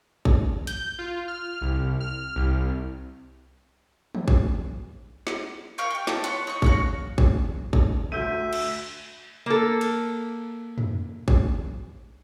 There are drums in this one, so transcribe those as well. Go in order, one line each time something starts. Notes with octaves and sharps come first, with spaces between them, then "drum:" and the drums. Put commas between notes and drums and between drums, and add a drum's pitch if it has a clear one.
drum: kick
G6, drum: hi-hat
F4
F6
C2
F6
C2
drum: tom D#3
drum: kick
drum: snare
A#4 F5 C#6 G6
G4 G5
A5, drum: snare
B4 C#5 F#5 C6, drum: hi-hat
D#4 C#6
F#4 C#5 F5, drum: kick
drum: kick
drum: kick
D2 E5 G6 D#7
drum: cymbal
A#3 A4
drum: cymbal
drum: tom F2
drum: kick